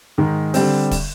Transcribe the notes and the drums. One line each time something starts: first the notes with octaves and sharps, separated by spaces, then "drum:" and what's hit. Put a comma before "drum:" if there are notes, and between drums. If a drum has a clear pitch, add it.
G#2 D#3 G#3
D3 G3 C4, drum: open hi-hat
drum: kick, open hi-hat